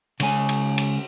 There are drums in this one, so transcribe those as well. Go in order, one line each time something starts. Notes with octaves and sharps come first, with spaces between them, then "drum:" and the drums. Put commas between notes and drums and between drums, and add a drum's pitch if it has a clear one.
C#3 G#3 C#4 B4 G#5, drum: cymbal
drum: cymbal
drum: cymbal